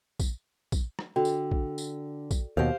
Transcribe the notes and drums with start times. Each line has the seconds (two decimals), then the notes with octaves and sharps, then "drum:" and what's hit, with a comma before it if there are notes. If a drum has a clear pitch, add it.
0.20 drum: kick A#1, tambourine
0.72 drum: kick A#1, tambourine
0.99 drum: rim click
1.16 D3 F#4 G5
1.25 drum: tambourine
1.51 drum: kick A#1
1.78 drum: tambourine
2.31 drum: kick A#1, tambourine
2.57 D#2 B2 G4 C5 F5